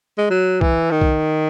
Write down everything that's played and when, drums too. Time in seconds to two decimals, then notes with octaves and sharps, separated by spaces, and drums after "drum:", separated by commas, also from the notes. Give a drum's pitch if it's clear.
0.18 G#3
0.31 F#3
0.61 E3, drum: kick B1
0.91 D#3
1.01 drum: kick B1